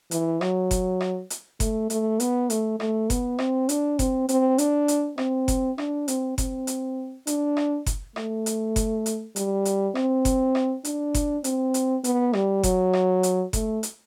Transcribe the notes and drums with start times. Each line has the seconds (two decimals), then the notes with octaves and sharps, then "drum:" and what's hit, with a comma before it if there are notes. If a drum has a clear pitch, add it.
0.11 E3, drum: hi-hat
0.41 F#3, drum: rim click
0.71 drum: kick F#1, hi-hat
1.01 drum: rim click
1.30 drum: hi-hat
1.60 A3, drum: kick F#1, hi-hat
1.90 A3, drum: hi-hat
2.20 B3, drum: hi-hat
2.50 A3, drum: hi-hat
2.80 A3, drum: rim click
3.10 B3, drum: kick F#1, hi-hat
3.39 C4, drum: rim click
3.69 D4, drum: hi-hat
3.99 C4, drum: kick F#1, hi-hat
4.29 C4, drum: hi-hat
4.58 D4, drum: hi-hat
4.88 drum: hi-hat
5.18 C4, drum: rim click
5.48 drum: kick F#1, hi-hat
5.78 D4, drum: rim click
6.08 C4, drum: hi-hat
6.38 C4, drum: kick F#1, hi-hat
6.67 drum: hi-hat
7.27 D4, drum: hi-hat
7.57 drum: rim click
7.86 drum: kick F#1, hi-hat
8.16 A3, drum: rim click
8.46 drum: hi-hat
8.76 drum: kick F#1, hi-hat
9.06 drum: hi-hat
9.36 G3, drum: hi-hat
9.65 drum: hi-hat
9.95 C4, drum: rim click
10.25 drum: kick F#1, hi-hat
10.55 drum: rim click
10.84 D4, drum: hi-hat
11.14 drum: kick F#1, hi-hat
11.44 C4, drum: hi-hat
11.74 drum: hi-hat
12.04 B3, drum: hi-hat
12.33 G3, drum: rim click
12.63 F#3, drum: kick F#1, hi-hat
12.93 drum: rim click
13.23 drum: hi-hat
13.53 A3, drum: kick F#1, hi-hat
13.83 drum: hi-hat